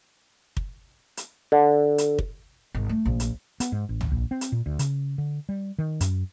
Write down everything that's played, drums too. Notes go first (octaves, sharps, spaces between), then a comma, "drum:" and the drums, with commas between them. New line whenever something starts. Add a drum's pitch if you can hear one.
drum: kick
drum: hi-hat
D3
drum: hi-hat
drum: kick
G#1
A3
A#1
drum: hi-hat
B3, drum: hi-hat
G#2
A1
drum: tom C#2
A#1
C4
drum: hi-hat
A#2
D2
C#3, drum: hi-hat
D3
G3
D#3
F#2, drum: hi-hat